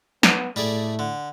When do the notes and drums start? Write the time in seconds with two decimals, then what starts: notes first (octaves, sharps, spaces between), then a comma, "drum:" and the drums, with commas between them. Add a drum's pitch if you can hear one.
0.23 B3, drum: snare
0.56 A2 G3 A3 G#4 D5
0.99 D3